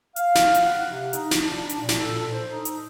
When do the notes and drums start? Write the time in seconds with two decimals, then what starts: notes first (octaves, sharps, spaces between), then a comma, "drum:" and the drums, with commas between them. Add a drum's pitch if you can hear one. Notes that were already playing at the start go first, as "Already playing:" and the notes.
0.16 F5, drum: hi-hat
0.35 drum: snare
0.55 drum: hi-hat
0.65 F#5
0.89 C3
1.13 D#4, drum: hi-hat
1.31 drum: snare
1.43 D4
1.69 drum: hi-hat
1.79 A#2
1.89 drum: snare
1.99 A4
2.31 C5
2.50 D#4
2.65 drum: hi-hat